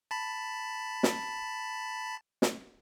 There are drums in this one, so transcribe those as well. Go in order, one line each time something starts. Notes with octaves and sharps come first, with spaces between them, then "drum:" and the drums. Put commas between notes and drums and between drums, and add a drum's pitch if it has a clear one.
A5 B5
drum: snare
drum: snare